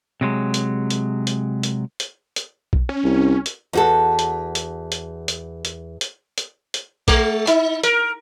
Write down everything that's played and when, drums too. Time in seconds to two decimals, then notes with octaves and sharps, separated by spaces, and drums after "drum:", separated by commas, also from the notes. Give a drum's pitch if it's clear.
0.21 C3 F#3 G#3
0.54 drum: hi-hat
0.90 drum: hi-hat
1.27 drum: hi-hat
1.63 drum: hi-hat
2.00 drum: hi-hat
2.36 drum: hi-hat
2.73 drum: kick A#1
2.89 C#4
3.04 C2
3.46 drum: hi-hat
3.73 E2 F#4 A4
4.19 drum: hi-hat
4.55 drum: hi-hat
4.92 drum: hi-hat
5.28 drum: hi-hat
5.65 drum: hi-hat
6.01 drum: hi-hat
6.38 drum: hi-hat
6.74 drum: hi-hat
7.08 G#3, drum: kick A#1, hi-hat
7.47 D#4, drum: hi-hat
7.84 A#4, drum: hi-hat